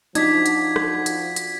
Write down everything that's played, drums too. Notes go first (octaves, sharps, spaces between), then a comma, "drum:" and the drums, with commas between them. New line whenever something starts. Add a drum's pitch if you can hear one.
F3 D4 D#4 F#4 G#6 B6, drum: hi-hat
drum: hi-hat
drum: rim click
drum: hi-hat
drum: hi-hat